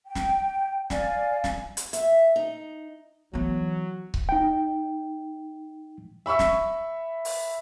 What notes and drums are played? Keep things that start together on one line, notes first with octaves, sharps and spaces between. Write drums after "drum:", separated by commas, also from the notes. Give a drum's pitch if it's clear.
G5
drum: snare
D5 F5 G#5, drum: snare
drum: snare
drum: hi-hat
E5, drum: hi-hat
D#4
E3 F#3 B3
drum: kick C#1
D#4 G5
E5 B5 C#6 E6
drum: snare
drum: open hi-hat